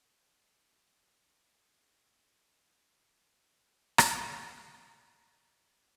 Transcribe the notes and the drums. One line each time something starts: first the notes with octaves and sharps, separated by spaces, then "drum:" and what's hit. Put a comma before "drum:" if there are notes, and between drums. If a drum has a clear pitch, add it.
D3 D4 A#4
D6
G3 A3 A#3 D4 F4 D5
drum: rim click
B3
C#5
E2
F#6